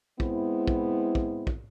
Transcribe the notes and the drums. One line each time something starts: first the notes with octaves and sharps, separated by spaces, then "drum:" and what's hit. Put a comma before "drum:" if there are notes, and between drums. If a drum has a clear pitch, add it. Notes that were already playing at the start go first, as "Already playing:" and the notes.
G#3 B3 C4 E4, drum: kick
drum: kick
drum: kick
drum: kick